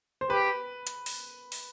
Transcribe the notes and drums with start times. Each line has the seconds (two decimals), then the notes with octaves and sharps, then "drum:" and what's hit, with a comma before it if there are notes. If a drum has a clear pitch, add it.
0.21 C5
0.30 G4 B4
0.87 drum: hi-hat
1.06 drum: open hi-hat
1.52 drum: open hi-hat